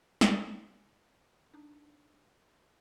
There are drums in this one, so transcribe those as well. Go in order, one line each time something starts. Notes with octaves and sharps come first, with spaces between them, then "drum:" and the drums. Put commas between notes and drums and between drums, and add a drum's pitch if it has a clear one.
G#5, drum: snare
D4 D#4